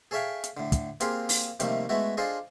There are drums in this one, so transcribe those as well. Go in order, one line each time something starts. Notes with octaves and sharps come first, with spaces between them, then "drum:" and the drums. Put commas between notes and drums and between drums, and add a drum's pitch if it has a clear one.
G#4 A4 C#5 E5 F5 G5
drum: hi-hat
A2 D3
drum: kick, hi-hat
A#3 C4 F4 G4 G#4 F5, drum: hi-hat
drum: open hi-hat
C3 D#3 F3 G3 A3 A#3, drum: hi-hat
G#3 A3 B3 E4 F#4
D4 F4 G#4 A4 C5 D#5